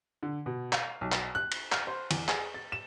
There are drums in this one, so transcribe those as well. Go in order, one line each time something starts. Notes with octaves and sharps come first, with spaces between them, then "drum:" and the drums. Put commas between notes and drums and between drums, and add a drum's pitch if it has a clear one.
D3
B2
F5, drum: clap
B1
drum: clap
F#6
drum: cymbal
F6, drum: clap
C5
E2, drum: cymbal
G#4, drum: clap
A6
E7